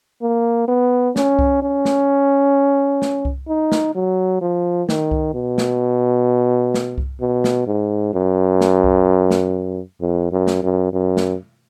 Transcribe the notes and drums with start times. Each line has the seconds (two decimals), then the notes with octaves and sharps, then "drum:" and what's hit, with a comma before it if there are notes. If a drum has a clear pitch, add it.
0.22 A#3
0.68 B3
1.16 C#4, drum: snare
1.39 drum: kick C2
1.62 C#4
1.85 drum: snare
3.02 drum: snare
3.25 drum: kick C2
3.48 D#4
3.72 drum: snare
3.95 F#3
4.41 F3
4.89 D#3, drum: snare
5.11 drum: kick C2
5.34 B2
5.58 drum: snare
6.74 drum: snare
6.98 drum: kick C2
7.21 B2
7.44 drum: snare
7.67 G#2
8.14 F#2
8.61 drum: snare
8.84 drum: kick C2
9.31 drum: snare
10.01 F2
10.32 F#2
10.47 drum: snare
10.63 F#2
10.93 F#2
11.17 drum: snare